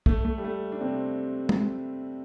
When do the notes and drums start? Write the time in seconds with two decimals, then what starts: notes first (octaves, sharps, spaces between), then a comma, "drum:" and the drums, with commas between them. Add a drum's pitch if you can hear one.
0.06 A3, drum: kick
0.25 A3
0.38 G3
0.44 A3
0.72 D4
0.81 C3 C4
1.49 drum: tom